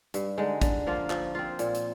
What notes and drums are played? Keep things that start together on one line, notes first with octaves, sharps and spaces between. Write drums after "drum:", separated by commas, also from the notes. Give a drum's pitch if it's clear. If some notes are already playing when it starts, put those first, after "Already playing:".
G2, drum: hi-hat
D3 G#3 D#4
D3, drum: kick, hi-hat
F3 A#3 F4
F3, drum: clap
C4 F4
A#2, drum: hi-hat
drum: hi-hat